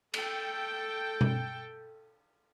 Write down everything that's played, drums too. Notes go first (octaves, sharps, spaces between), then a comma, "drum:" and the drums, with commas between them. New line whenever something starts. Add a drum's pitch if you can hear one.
A4 G5, drum: cymbal
drum: tom B2